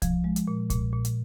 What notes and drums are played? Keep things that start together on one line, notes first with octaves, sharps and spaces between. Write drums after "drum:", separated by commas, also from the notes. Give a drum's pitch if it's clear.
F3, drum: kick, hi-hat
G#3
drum: hi-hat
A#2
A#2, drum: kick, hi-hat
A#2
drum: hi-hat